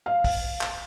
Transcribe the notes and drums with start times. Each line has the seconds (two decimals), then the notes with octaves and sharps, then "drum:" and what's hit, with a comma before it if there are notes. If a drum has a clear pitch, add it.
0.06 F5
0.24 drum: kick, open hi-hat
0.61 drum: clap